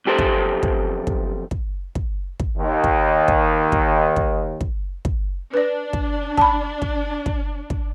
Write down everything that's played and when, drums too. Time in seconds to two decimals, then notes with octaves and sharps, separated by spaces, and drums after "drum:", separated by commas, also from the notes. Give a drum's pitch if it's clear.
0.05 B1 F2 G4 A4 C5
0.18 drum: kick
0.63 drum: kick
1.07 drum: kick
1.51 drum: kick
1.95 drum: kick
2.40 drum: kick
2.57 D#2 D#3
2.84 drum: kick
3.28 drum: kick
3.72 drum: kick
4.16 drum: kick
4.61 drum: kick
5.05 drum: kick
5.54 D4 B4 D5
5.93 drum: kick
6.37 A5 B5, drum: kick
6.82 drum: kick
7.26 drum: kick
7.70 drum: kick